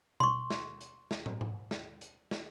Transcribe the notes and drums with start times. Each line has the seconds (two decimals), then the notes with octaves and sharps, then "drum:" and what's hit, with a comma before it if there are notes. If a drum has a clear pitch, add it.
0.20 C6 C#6, drum: tom B2
0.50 drum: snare
0.81 drum: hi-hat
1.11 drum: snare
1.26 drum: tom
1.41 drum: tom
1.71 drum: snare
2.01 drum: hi-hat
2.31 drum: snare